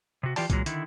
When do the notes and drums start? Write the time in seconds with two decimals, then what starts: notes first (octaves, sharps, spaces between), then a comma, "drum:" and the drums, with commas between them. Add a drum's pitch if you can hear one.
0.23 C3 F#4
0.36 E3 F4 G4 D5 A5, drum: open hi-hat
0.50 A#2 E3 F#3 G#3, drum: kick, hi-hat
0.66 D3 D#3 E4, drum: hi-hat